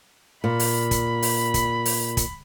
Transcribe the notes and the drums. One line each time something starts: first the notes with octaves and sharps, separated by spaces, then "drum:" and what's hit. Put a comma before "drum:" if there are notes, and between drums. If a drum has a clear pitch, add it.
A#2 B5
drum: open hi-hat
drum: kick, hi-hat
drum: open hi-hat
drum: kick, hi-hat
drum: open hi-hat
drum: kick, hi-hat